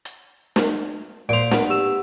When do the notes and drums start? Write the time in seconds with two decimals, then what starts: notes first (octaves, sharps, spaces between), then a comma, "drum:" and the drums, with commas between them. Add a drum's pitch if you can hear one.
0.05 drum: hi-hat
0.56 drum: snare
1.29 A#2 C5 D7 F7
1.51 B3, drum: snare
1.70 G4 E6 E7